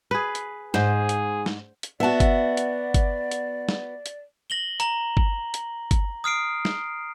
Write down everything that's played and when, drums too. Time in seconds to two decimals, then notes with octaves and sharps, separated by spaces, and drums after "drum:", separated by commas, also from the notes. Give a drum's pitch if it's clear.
0.11 G#4 B4
0.35 drum: hi-hat
0.74 G#2 G#4 C5, drum: snare
1.09 drum: hi-hat
1.46 drum: snare
1.83 drum: hi-hat
2.00 B3 F#4 D5 E5 A5
2.20 drum: kick G1, hi-hat
2.57 drum: hi-hat
2.94 drum: kick G1, hi-hat
3.31 drum: hi-hat
3.69 drum: snare
4.06 drum: hi-hat
4.50 A#6 F#7 G7
4.80 A#5, drum: hi-hat
5.17 drum: kick G1
5.54 drum: hi-hat
5.91 drum: kick G1, hi-hat
6.24 D#6 F6 C7 D7
6.65 drum: snare